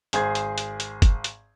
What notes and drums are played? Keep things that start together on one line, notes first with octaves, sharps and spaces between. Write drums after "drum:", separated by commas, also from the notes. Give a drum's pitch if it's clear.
G#1 G#4 C5 G#6, drum: hi-hat
drum: hi-hat
drum: hi-hat
drum: hi-hat
drum: kick F#1, hi-hat
drum: hi-hat